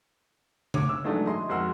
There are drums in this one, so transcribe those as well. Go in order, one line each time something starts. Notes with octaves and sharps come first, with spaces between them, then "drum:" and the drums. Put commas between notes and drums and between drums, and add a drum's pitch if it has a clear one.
C#5 D6, drum: tom C#3
E6
E3 F#3 G#3 A3 D4 D#4
E4 G#4 D#5 C6
F2 G#3 F#4 A#4 C6 E6